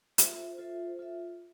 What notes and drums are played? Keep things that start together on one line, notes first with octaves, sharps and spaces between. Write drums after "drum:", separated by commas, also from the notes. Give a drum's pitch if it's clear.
F4 A4 C5 E5, drum: hi-hat
F4 A4 C5 E5
F4 A4 E5